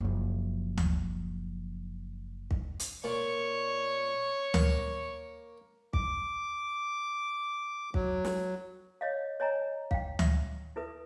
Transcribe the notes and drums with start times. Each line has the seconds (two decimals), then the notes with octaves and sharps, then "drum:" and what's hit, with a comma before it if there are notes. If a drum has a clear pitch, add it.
0.01 F#1 F3
0.77 drum: tom D2
2.51 drum: kick
2.80 drum: hi-hat
3.04 A#2 C#5 C#6
4.54 A#3, drum: tom D2
5.93 D6, drum: kick
7.94 F#3, drum: kick
8.25 drum: snare
9.01 C#5 D#5 F5
9.40 C#5 D#5 G#5 A#5
9.91 F5 G5, drum: kick
10.19 E5, drum: tom D2
10.76 E4 A4 B4 E5 D#6